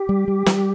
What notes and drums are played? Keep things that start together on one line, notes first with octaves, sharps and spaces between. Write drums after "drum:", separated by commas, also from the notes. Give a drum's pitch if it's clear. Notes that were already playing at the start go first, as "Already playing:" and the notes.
Already playing: G4
G3
G3
G3, drum: snare